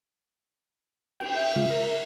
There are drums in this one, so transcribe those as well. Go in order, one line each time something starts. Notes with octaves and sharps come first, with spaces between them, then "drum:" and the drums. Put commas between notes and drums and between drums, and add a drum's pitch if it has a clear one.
G5, drum: cymbal
E5
C#3 G#3 F4
A#4